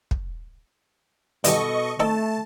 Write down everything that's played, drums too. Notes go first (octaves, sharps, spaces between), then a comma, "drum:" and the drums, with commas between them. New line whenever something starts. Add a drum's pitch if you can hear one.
drum: kick
G2 B2 E3 G4 A4 D#5 C#6, drum: hi-hat
A3 C4 D#4 A4 A5